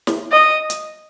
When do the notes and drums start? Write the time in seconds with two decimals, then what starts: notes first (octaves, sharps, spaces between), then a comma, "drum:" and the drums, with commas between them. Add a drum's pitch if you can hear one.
0.07 drum: snare
0.32 D#5
0.70 drum: hi-hat